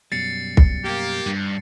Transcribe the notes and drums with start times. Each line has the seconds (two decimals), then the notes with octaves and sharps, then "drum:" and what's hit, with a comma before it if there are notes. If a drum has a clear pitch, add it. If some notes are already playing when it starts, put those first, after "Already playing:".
0.12 F#2 B2 G3 A6 C7 C#7
0.57 drum: kick
0.85 A#3 G4
1.26 G2